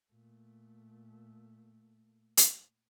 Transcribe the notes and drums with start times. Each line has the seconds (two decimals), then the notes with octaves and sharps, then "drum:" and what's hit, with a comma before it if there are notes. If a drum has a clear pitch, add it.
0.12 A#2 A3
2.37 drum: hi-hat